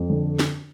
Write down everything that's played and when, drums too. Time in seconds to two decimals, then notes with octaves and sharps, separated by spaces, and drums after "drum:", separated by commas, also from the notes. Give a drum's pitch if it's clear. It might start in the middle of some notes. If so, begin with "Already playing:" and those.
Already playing: F2
0.10 D3
0.39 drum: snare